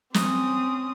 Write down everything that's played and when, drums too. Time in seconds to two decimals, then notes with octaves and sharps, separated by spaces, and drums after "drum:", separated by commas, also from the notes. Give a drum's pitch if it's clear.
0.14 C4 C#4 D#6, drum: snare